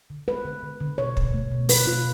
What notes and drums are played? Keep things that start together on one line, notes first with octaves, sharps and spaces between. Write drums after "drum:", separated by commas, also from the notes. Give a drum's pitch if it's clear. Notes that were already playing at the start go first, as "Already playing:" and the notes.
D3
G#3 B4
D3
D3
D3
B2 C#5
B2, drum: kick
A3
B2
B2 B4, drum: open hi-hat
B2 F4